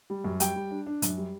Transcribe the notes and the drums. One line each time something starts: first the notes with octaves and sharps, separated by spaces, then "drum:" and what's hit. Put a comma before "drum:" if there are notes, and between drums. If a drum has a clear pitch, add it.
G3
F#2
G3 G5, drum: hi-hat
G3
D4
D4
F#2, drum: hi-hat
G3